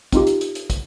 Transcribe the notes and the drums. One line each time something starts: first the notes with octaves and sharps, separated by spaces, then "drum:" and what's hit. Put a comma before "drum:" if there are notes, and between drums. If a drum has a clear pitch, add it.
C4 D#4 F4 G4, drum: kick, hi-hat
drum: hi-hat
drum: hi-hat
drum: hi-hat
drum: kick, hi-hat